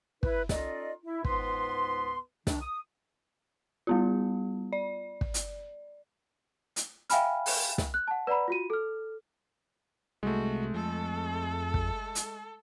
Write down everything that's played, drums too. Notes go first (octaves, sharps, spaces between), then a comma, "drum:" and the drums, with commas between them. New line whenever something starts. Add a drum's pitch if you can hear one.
E4 B4, drum: kick
C#4 D#4 F4 A4 D5 D#5, drum: snare
E4
C#2 G#2 B3 B4 C6, drum: kick
D#3 D4, drum: snare
D#6
G3 B3 F4
D5
drum: kick
drum: hi-hat
drum: hi-hat
E5 F5 G5 G#5 B5 F6, drum: hi-hat
drum: open hi-hat
drum: snare
F#6
F#5 A5
B4 D5 F#5 A#5 B5
F4 F#4 D#7
A4 F6
C2 G#3 A3 F#4
F2 A4
drum: kick
drum: hi-hat